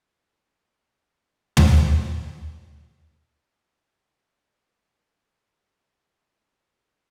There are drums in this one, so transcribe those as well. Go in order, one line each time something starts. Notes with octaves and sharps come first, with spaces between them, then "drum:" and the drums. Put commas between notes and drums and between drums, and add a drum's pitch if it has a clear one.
C#4 A5
drum: tom
D#3
F#5
E4 A#4 F5